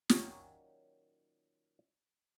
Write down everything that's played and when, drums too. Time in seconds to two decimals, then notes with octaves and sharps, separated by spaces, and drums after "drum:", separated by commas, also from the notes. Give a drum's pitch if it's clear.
0.09 A#2 D#3 F#3 C#4 G4 C#5, drum: snare